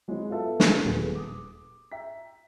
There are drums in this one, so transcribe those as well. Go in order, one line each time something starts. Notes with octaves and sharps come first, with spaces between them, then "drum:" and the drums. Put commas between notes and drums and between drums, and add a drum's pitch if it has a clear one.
F#3 G#3 C4 E4
B3 F4 F#4 A4 E5
drum: snare
D#1 G3 B3 G#4 A4
D6 D#6
E5 G5 A#5 B6